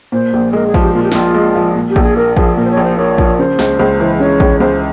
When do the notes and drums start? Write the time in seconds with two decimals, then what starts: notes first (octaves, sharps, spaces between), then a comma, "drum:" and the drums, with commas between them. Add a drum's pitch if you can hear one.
0.12 A#2 C5
0.33 A#1
0.53 G#3 A#4
0.67 G#4
0.74 F3, drum: kick A1
0.81 G4
0.94 A#2 F4
1.03 G4
1.12 A#1 F4, drum: snare
1.35 G#3
1.55 F3
1.76 A#2
1.90 G4
1.96 A#1, drum: kick A1
2.02 G#4
2.17 A#3 A#4
2.37 F3 G#4, drum: kick A1
2.57 A#2 A#4
2.65 C5
2.71 C#5
2.77 A#1
2.84 C5
2.97 A#3 C#5
3.18 F3, drum: kick A1
3.39 C#3 C5
3.59 C#2, drum: snare
3.79 C#2
4.00 E3
4.20 C#3 C#5
4.40 C#2, drum: kick A1
4.60 C#2 C5